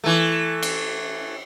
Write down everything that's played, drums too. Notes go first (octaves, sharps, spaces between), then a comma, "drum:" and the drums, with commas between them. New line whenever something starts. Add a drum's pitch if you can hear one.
E3 A3
drum: cymbal